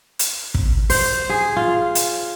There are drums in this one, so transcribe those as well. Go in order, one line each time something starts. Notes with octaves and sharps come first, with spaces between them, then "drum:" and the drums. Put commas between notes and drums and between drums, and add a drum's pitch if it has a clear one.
drum: hi-hat
drum: kick
C5, drum: open hi-hat
G#4
F4
drum: hi-hat